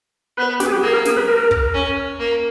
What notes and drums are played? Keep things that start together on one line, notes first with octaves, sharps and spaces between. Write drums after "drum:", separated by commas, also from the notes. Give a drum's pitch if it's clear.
B3 B4
G4, drum: snare
G#4
G4
A#3 G#4
A#4
G#4, drum: snare
B4
A#4
drum: kick
C#4
A#3